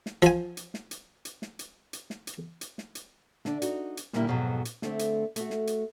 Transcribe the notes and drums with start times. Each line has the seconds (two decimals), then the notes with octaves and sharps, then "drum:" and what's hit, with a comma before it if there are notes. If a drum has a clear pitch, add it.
0.06 drum: snare
0.22 F3 G#5, drum: hi-hat
0.57 drum: hi-hat
0.74 drum: snare
0.91 drum: hi-hat
1.25 drum: hi-hat
1.42 drum: snare
1.59 drum: hi-hat
1.93 drum: hi-hat
2.10 drum: snare
2.27 drum: hi-hat
2.61 drum: hi-hat
2.78 drum: snare
2.95 drum: hi-hat
3.45 D3 D4, drum: snare
3.62 D#4 F#4, drum: hi-hat
3.97 drum: hi-hat
4.13 A#2 D3 D#3 G3 A#3 E4, drum: snare
4.27 F2 G#2 B2 E3 F#3
4.65 drum: hi-hat
4.82 D3 A3 C4, drum: snare
4.99 drum: hi-hat
5.36 A3 F#4, drum: hi-hat
5.50 drum: snare
5.67 drum: hi-hat